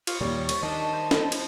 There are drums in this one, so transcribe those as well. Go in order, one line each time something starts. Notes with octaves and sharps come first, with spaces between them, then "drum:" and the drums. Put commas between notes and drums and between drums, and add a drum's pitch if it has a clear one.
F4 C#6, drum: cymbal
D#2 A#2 G3 C#5
drum: cymbal
D#3 D4 D#5 A5
C5
drum: snare
drum: cymbal